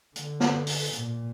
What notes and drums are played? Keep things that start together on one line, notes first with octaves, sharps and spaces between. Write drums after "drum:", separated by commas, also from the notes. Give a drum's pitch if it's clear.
D3, drum: hi-hat
drum: snare
drum: open hi-hat
A#2, drum: hi-hat